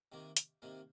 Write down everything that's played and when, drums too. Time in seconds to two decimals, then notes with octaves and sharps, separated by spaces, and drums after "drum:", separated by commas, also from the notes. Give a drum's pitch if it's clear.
0.12 C3 D#3 A#3
0.37 drum: hi-hat
0.62 C3 D#3 A#3